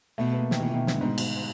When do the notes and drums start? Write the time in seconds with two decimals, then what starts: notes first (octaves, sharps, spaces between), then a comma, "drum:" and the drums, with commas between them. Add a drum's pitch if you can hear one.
0.18 B2 A3
0.33 B3
0.39 A#3
0.51 D#3, drum: snare
0.60 B2 E3
0.74 D#3
0.87 D3, drum: snare
0.95 G2
1.01 G#2 B2
1.18 drum: cymbal